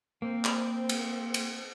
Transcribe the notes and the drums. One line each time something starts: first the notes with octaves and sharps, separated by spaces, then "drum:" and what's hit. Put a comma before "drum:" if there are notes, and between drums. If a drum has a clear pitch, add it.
A#3 C4
drum: clap
drum: cymbal
drum: cymbal